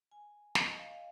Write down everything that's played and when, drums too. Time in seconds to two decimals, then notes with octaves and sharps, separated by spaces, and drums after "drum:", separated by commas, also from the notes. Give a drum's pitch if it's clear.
0.11 G#5
0.55 D#5, drum: snare
0.78 F5
0.93 F5